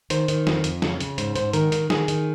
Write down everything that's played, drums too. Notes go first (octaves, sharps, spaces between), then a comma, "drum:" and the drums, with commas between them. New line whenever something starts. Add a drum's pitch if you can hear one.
D#3 C5, drum: hi-hat
D#3, drum: hi-hat
F2, drum: snare
F2, drum: hi-hat
C#3, drum: snare
C#3, drum: hi-hat
G#2 C5, drum: hi-hat
G#2 C5, drum: hi-hat
D#3 A#4, drum: hi-hat
D#3, drum: hi-hat
D#3 G#4, drum: snare
D#3, drum: hi-hat